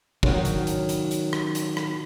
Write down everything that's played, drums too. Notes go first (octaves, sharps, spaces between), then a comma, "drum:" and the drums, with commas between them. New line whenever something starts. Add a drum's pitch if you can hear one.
D#3 F#3 C#4 D4, drum: kick
drum: hi-hat
drum: hi-hat
drum: hi-hat
drum: hi-hat
drum: rim click
drum: hi-hat
drum: rim click